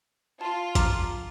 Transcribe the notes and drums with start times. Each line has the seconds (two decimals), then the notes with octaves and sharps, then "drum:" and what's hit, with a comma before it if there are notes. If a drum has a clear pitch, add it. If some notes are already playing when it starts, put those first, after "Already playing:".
0.41 F4 A5 C6
0.75 A#5 D6 F6, drum: kick, hi-hat